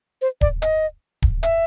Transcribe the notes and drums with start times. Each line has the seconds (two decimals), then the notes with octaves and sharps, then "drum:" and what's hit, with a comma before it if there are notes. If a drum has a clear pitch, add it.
0.22 C5
0.41 D5, drum: kick D1
0.62 D#5, drum: hi-hat
1.22 drum: kick D1
1.43 E5, drum: hi-hat